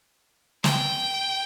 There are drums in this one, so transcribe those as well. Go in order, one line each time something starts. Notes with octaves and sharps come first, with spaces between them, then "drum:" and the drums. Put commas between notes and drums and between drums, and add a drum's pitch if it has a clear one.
G5, drum: snare